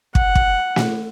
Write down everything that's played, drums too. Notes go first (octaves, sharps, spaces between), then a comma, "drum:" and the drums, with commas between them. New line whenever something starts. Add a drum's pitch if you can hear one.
F#5, drum: kick
drum: kick
drum: snare